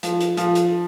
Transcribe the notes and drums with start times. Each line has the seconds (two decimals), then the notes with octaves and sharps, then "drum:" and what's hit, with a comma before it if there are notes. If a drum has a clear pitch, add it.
0.03 F3, drum: hi-hat
0.21 drum: hi-hat
0.37 F3, drum: hi-hat
0.55 drum: hi-hat